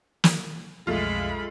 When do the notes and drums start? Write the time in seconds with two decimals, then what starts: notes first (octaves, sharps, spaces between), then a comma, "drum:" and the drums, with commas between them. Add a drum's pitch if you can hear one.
0.24 drum: snare
0.87 B1 F2 G#3 A3 F4 B5